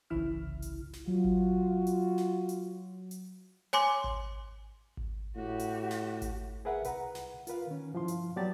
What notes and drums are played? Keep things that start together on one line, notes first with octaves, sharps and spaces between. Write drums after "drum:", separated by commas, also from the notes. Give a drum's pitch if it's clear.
G1 C2 C#3 E3 E4 F6
drum: hi-hat
drum: snare
F#3 F4 F#4
drum: kick G#1
drum: hi-hat
drum: snare
drum: hi-hat
drum: hi-hat
C#5 G#5 C6 D6, drum: hi-hat
drum: kick G#1
drum: kick G#1
A2 F#4 G4
drum: hi-hat
drum: snare
drum: kick G#1, hi-hat
G#4 A#4 B4 E5 F#5
C2 B4 F#5 A#5, drum: hi-hat
drum: snare
F4 A#4 B4 F5, drum: hi-hat
D#3 C#4
G2 F3 E4 F5 C6
drum: hi-hat
F#3 B3 G4 D5 A5 A6